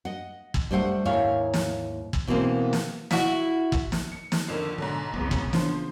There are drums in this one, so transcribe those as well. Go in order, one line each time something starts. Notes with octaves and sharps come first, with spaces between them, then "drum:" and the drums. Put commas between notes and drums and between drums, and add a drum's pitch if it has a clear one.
D#5 F#5
drum: kick
G3 A3 C5 F#5
D#2 G#2 E4 C#5 F5
drum: snare
drum: kick
B2 E3 G#3 A#3 C4
drum: snare
E4 F#4, drum: snare
drum: kick
drum: snare
C#7
drum: snare
F2 D3 D#3
B1 G#2 D3
F#1 C2 C#3 B3
drum: kick
E3 F3 D4 C5, drum: snare